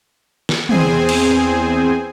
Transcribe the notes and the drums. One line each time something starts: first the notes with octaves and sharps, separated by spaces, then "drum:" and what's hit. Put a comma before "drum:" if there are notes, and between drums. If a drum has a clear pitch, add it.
drum: snare
E2 C4 G#4 C5 G#5, drum: tom
drum: cymbal